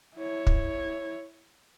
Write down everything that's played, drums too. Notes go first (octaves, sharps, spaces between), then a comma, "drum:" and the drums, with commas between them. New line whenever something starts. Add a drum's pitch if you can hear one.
E4 C#5
drum: kick